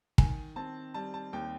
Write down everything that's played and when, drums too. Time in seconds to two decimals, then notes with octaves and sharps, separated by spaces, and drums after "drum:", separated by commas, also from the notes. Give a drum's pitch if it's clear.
0.18 D#3 G#5, drum: kick
0.56 C4 A5
0.94 G3 A5
1.14 A5
1.33 D#2 G5